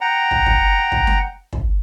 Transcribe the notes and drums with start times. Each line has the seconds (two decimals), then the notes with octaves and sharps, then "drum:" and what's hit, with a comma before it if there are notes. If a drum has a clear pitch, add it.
0.01 F#5 G5 A#5
0.31 drum: kick
0.46 drum: kick
0.92 drum: kick
1.07 drum: snare
1.53 drum: kick